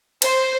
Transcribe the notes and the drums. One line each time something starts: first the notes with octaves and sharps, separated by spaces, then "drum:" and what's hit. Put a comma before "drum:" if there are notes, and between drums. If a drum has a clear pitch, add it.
C5, drum: cymbal